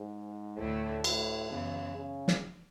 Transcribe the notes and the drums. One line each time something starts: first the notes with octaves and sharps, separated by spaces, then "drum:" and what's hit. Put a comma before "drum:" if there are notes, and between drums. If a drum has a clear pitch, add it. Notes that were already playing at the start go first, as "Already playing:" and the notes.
Already playing: G#2
D2 A2 D3 A3 E4
A2, drum: cymbal
F#2 C#3 E3 B3
C#3
drum: snare